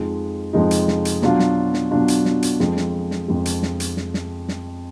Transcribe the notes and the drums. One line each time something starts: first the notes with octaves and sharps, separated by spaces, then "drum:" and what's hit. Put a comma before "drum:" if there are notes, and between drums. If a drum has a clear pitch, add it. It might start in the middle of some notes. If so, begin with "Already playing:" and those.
Already playing: F2 F3 G#3 D#4
F2 F3 G#3 D#4
drum: hi-hat
drum: snare
drum: hi-hat
B2 F#3 D4 F4, drum: snare
drum: snare
drum: snare
B2 F#3 D4 F4
drum: hi-hat
drum: snare
drum: hi-hat
F2 F3 G#3, drum: snare
drum: snare
drum: snare
F2 F3 G#3
drum: hi-hat
drum: snare
drum: hi-hat
drum: snare
drum: snare
drum: snare